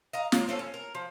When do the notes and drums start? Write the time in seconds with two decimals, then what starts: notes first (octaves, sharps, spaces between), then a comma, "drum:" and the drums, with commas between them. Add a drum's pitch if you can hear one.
0.13 D#5 F5 A#5
0.32 D#3 F#3 F4, drum: snare
0.48 C4 C#4 F4 A4
0.59 C#4
0.74 A#4
0.95 F3